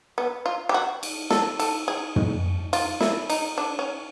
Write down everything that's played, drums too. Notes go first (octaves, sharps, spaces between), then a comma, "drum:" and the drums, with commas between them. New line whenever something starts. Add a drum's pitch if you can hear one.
B3
F4
G4
F#4
drum: cymbal
A4, drum: snare
A4, drum: cymbal
G#4
drum: tom
F4, drum: cymbal
E4, drum: snare
D#4, drum: cymbal
D4
C#4